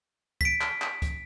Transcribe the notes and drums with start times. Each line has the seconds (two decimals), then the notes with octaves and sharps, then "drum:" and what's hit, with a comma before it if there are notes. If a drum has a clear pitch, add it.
0.41 B6 D7, drum: kick C#2
0.61 drum: clap
0.82 drum: clap
1.02 drum: kick C#2, hi-hat